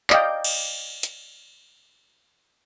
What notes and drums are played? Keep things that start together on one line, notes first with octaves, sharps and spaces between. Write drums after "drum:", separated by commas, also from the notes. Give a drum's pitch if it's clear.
D5 D#5 F5 G5, drum: clap
drum: cymbal
drum: hi-hat